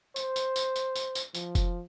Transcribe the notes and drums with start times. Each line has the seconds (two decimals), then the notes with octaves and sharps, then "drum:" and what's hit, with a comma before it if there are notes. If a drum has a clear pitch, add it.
0.16 C5, drum: tambourine
0.36 drum: tambourine
0.56 drum: tambourine
0.76 drum: tambourine
0.96 drum: tambourine
1.15 drum: tambourine
1.35 F3, drum: tambourine
1.55 drum: kick F1, tambourine